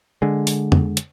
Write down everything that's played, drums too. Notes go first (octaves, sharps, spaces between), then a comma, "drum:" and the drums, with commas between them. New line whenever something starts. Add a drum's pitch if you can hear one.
D3 G#3
drum: open hi-hat
drum: tom F2
drum: hi-hat